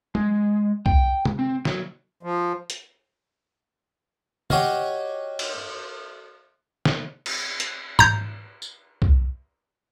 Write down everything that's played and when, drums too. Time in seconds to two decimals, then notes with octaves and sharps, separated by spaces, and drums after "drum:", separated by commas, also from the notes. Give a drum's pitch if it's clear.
0.15 G#3, drum: tom
0.86 G5, drum: kick
1.25 drum: tom C3
1.39 C4
1.65 F#3, drum: snare
2.23 F3
2.70 drum: hi-hat
4.50 F#4 G4 C#5 D#5 F5, drum: tom
5.39 drum: cymbal
6.85 drum: snare
7.26 drum: cymbal
7.60 drum: hi-hat
7.99 A#5 G6, drum: tom G#2
8.62 drum: tambourine
9.02 drum: kick